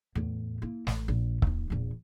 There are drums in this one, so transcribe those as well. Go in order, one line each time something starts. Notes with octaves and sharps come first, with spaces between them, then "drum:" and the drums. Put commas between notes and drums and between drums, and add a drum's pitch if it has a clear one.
E2 A2
A#3 E4
A1, drum: snare
A#1
D#2 D#3, drum: kick C#1
A#1 E2